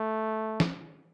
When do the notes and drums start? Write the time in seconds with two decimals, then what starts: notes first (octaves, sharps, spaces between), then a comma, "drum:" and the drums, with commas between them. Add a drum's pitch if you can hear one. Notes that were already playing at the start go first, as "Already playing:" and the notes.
Already playing: A3
0.60 drum: snare